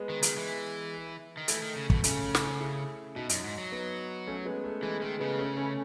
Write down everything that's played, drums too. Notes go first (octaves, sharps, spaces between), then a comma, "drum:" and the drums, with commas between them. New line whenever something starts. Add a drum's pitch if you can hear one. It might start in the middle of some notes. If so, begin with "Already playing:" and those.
Already playing: G#3 B3
D#3
D#3, drum: hi-hat
E3
D#3
E3 A3, drum: hi-hat
D#3
C#3
B2, drum: kick
C#3 A3 C#4, drum: hi-hat
drum: snare
E4 G#4
B2 D#4 F#4
F#2, drum: hi-hat
G#2
F#3
B3 D#4
A3 C#4
G#3 B3
A3
E3 G#3
D#3 A3
C#3 G#3 B3
A3 C#4
A3 C#4